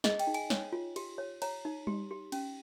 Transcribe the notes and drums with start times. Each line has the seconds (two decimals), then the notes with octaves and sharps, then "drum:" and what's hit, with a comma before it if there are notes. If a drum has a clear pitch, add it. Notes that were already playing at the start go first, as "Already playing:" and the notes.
0.04 G#4 D#5, drum: snare
0.19 G5, drum: cymbal
0.27 D#4
0.34 G#5, drum: cymbal
0.50 C#5, drum: snare
0.72 F4
0.96 G4, drum: cymbal
1.18 C#5
1.42 C#5 A#5, drum: cymbal
1.65 D#4
1.87 G4, drum: tom G3
2.11 G4
2.32 C#4, drum: cymbal